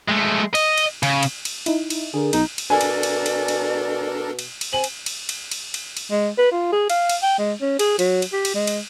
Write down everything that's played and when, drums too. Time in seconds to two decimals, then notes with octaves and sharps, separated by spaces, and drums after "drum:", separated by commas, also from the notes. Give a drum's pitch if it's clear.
0.09 G#3 A3
0.55 D#5, drum: cymbal
0.78 drum: cymbal
1.03 C#3, drum: cymbal
1.23 drum: cymbal
1.45 drum: cymbal
1.66 D#4 E4, drum: cymbal
1.90 drum: cymbal
2.14 D3 G#4 A#4
2.33 B1 D#4, drum: cymbal
2.58 drum: cymbal
2.70 B2 D4 A4 A#4 D5 G#5
2.81 drum: cymbal
3.03 drum: cymbal
3.26 drum: cymbal
3.48 drum: cymbal
4.39 drum: cymbal
4.61 drum: cymbal
4.73 C4 G#5 F#7
4.84 drum: cymbal
5.06 drum: cymbal
5.29 drum: cymbal
5.51 drum: cymbal
5.74 drum: cymbal
5.97 drum: cymbal
6.11 G#3
6.38 B4
6.52 F4
6.73 G#4
6.90 F5, drum: cymbal
7.09 drum: cymbal
7.23 G5
7.39 G#3
7.61 C#4
7.79 G#4, drum: cymbal
7.99 F#3, drum: cymbal
8.22 drum: cymbal
8.33 G4
8.45 drum: cymbal
8.55 G#3
8.67 drum: cymbal